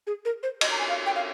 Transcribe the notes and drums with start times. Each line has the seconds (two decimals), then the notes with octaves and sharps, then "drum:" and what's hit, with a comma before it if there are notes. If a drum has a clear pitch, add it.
0.07 G#4
0.25 A#4
0.43 C5
0.61 D#5, drum: cymbal
0.71 A#5
0.79 G#5
0.89 F5
1.06 G5
1.16 F5